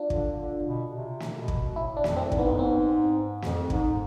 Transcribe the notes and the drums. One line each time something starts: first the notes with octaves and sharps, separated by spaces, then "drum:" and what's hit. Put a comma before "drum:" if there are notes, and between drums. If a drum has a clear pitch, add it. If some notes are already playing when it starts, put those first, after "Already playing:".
Already playing: D4 F4
D3, drum: kick
D3
B2
C3
drum: snare
B2
drum: kick
A2 E4
D4
F2, drum: snare
C4
G#2, drum: kick
B3
F2
G#2 C4
F2, drum: snare
G#2, drum: kick